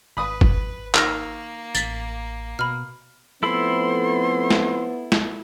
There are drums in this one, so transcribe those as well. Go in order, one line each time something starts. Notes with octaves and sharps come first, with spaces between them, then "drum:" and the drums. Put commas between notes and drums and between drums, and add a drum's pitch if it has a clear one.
G#1 B4 B5 D#6
drum: kick F#1
D#3 A#3 E6 F6 A#6, drum: clap
A1 A6 B6, drum: tambourine
B2 B5 F6
F3 A3 B3 C4 E4 A4 B5 C6
drum: snare
drum: snare